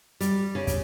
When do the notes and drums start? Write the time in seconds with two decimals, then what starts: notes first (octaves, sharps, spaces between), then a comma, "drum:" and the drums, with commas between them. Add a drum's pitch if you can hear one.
0.21 G3, drum: hi-hat
0.55 C#3
0.67 drum: kick, hi-hat